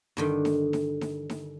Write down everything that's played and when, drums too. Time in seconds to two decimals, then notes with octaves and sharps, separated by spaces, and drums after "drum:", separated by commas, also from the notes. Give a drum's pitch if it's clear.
0.17 G2 D3 D#3, drum: snare D#4
0.45 drum: snare D#4
0.73 drum: snare D#4
1.01 drum: snare D#4
1.30 drum: snare D#4